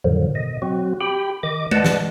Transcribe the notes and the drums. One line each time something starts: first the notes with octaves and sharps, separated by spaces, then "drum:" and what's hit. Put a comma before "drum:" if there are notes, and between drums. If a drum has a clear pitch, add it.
F2 A2 D3 D#3 F3 F#3
B2 D#5
F#3 C4 F#4
G4 G5 B5
D#3 D#5 D6
B4 D5 D#5 F#5 A5, drum: tom G#3
drum: snare